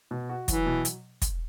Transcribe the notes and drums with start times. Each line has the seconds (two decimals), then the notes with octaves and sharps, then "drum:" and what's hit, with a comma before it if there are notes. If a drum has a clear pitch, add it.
0.11 B2
0.29 F#4
0.48 E3 F#3, drum: kick, hi-hat
0.66 B2
0.85 drum: hi-hat
1.22 drum: kick, hi-hat